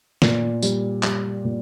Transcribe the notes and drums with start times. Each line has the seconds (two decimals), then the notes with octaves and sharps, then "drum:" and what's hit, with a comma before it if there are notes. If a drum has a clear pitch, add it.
0.22 A#2, drum: snare
0.62 G3, drum: tambourine
1.03 G3, drum: clap
1.44 A#2